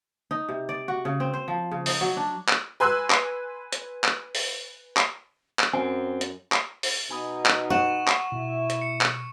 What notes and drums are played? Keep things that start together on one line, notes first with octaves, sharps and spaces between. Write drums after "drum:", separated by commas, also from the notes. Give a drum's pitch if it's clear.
D#4
C3
D5
F#4
C#3
C4
C5
F3
C#3
D#4, drum: open hi-hat
F#3
D4
drum: clap
B4 G#5 C6 E6 F#6
drum: clap
drum: hi-hat
drum: clap
drum: open hi-hat
drum: clap
drum: clap
F#2 C4 G#5
drum: hi-hat
drum: clap
drum: open hi-hat
B2 D#4 G#5 B5 D#6
drum: clap
F#5 C#6 E7
drum: clap
B2 E4
drum: hi-hat
C#7
drum: clap